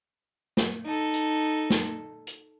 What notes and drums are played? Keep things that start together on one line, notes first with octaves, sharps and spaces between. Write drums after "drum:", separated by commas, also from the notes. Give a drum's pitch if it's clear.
drum: snare
D#4 A4
drum: hi-hat
drum: snare
drum: hi-hat